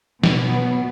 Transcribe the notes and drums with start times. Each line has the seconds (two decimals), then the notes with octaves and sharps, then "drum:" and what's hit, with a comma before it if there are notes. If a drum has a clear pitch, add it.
0.24 B2 F#3 B3, drum: snare